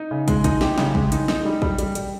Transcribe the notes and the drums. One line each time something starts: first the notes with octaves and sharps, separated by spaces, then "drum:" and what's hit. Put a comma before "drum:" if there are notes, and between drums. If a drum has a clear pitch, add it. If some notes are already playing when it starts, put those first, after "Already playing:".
Already playing: D#4
C#3
G#3, drum: kick, hi-hat
D#4, drum: kick, hi-hat
G4, drum: snare
C#3, drum: snare
G#3, drum: kick
D#4, drum: hi-hat
D#4, drum: snare
G3
G3, drum: kick
G3, drum: hi-hat
G3, drum: hi-hat